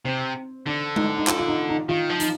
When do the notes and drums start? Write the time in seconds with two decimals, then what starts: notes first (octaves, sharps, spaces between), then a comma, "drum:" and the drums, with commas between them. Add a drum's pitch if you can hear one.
0.05 C3 C4
0.66 D3 D4
0.96 D#4, drum: tom G#3
1.17 D#4
1.27 F4, drum: clap
1.39 F4
1.48 D#4
1.69 D#4
1.89 D#3 F4
2.09 F3
2.20 D#4, drum: hi-hat